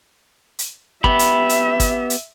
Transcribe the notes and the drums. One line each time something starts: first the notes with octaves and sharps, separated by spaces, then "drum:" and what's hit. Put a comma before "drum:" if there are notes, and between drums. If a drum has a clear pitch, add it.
drum: hi-hat
B3 G4 E5 B5, drum: kick
drum: hi-hat
drum: hi-hat
drum: kick, hi-hat
drum: hi-hat